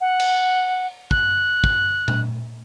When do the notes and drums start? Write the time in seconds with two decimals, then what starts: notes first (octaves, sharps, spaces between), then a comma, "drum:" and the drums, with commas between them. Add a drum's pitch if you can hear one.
0.01 F#5
0.20 drum: cymbal
1.11 F#6, drum: kick
1.64 drum: kick
2.08 drum: tom A#2